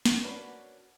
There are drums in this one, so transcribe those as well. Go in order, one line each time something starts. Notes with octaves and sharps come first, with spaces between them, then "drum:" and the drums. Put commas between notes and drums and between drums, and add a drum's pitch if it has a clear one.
drum: snare
A#3 C#4 D4 F#4 B4